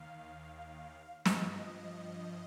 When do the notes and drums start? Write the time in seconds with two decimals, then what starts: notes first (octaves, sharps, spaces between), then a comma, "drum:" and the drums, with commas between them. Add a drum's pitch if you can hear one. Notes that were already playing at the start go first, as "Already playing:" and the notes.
Already playing: D#2 D#3 F5
1.25 G2 F3 D#5, drum: snare